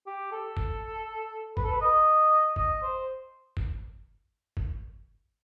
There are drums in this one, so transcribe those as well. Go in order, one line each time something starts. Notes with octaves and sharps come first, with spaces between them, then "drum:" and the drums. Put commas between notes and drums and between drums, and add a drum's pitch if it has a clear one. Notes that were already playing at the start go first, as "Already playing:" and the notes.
G4
A4
drum: kick
B4, drum: kick
A4
B4
D#5
D#5, drum: kick
C5
drum: kick
drum: kick